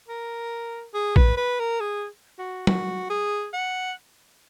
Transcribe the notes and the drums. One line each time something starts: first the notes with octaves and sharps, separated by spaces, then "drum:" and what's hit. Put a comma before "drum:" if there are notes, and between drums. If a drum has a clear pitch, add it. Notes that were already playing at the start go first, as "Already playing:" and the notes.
A#4
G#4
B4, drum: kick A#1
B4
A#4
G#4
F#4
F#4, drum: tom
G#4
F#5